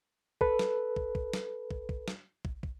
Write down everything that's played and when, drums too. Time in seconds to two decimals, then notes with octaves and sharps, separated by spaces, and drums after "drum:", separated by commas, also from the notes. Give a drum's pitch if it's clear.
0.41 A4 B4, drum: kick
0.59 drum: snare
0.96 drum: kick
1.15 drum: kick
1.33 drum: snare
1.71 drum: kick
1.89 drum: kick
2.08 drum: snare
2.45 drum: kick
2.63 drum: kick